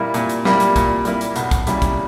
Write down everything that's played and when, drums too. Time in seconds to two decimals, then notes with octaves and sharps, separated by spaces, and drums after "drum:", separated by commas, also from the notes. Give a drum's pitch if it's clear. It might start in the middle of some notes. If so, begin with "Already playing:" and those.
Already playing: A#2 G3 A#3 E4
0.14 A#2, drum: hi-hat
0.29 drum: hi-hat
0.45 G3 A#3 E4, drum: snare
0.60 drum: hi-hat
0.76 A#2, drum: kick, hi-hat
1.05 G3 A#3 E4, drum: hi-hat
1.21 drum: hi-hat
1.36 B1, drum: hi-hat
1.51 drum: kick, hi-hat
1.67 A#2 G3 C#4 E4, drum: hi-hat
1.82 drum: kick, hi-hat